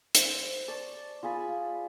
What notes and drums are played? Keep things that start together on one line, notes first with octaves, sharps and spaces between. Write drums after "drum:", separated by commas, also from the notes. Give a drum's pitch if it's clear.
C5, drum: hi-hat
D5 A5 C#6
F4 G#4 G#5 B5